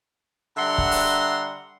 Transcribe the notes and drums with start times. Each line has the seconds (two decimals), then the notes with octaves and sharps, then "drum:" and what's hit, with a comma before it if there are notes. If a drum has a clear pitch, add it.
0.57 D3 G3 E5 F#5 A#5 C6
0.78 drum: kick
0.91 drum: open hi-hat